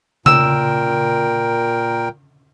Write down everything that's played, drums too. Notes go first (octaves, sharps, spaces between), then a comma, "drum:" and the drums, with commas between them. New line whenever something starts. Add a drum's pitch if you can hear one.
A#2 A#4 G5 E6, drum: tom C#3